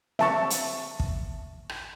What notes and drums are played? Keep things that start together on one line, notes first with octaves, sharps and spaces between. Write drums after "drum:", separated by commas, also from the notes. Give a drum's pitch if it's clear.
E5 A5 C#6, drum: snare C4
drum: hi-hat
drum: kick
drum: rim click